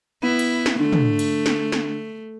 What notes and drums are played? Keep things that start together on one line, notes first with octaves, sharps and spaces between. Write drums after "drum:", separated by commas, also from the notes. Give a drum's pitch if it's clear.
B3 E4
drum: cymbal
drum: snare
D3 A3
drum: tom
drum: cymbal
drum: snare
drum: snare